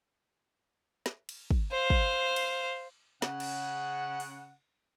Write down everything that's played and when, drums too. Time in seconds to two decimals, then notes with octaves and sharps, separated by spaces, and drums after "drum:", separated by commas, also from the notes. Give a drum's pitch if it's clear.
1.06 drum: snare
1.29 drum: cymbal
1.51 drum: kick
1.72 C5 F5
1.90 drum: kick
2.36 drum: cymbal
3.22 C#3 F#5, drum: snare
3.40 drum: cymbal
4.20 drum: open hi-hat